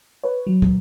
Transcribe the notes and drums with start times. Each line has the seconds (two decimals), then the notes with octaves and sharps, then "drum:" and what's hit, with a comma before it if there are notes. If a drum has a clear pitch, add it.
0.24 B4 C#5
0.47 F#3
0.62 drum: kick